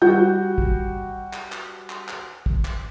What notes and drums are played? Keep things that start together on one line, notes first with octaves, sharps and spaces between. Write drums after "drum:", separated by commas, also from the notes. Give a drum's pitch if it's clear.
G3 F#4 F#5 G6
drum: kick
drum: clap
drum: clap
drum: clap
drum: clap
drum: kick
drum: clap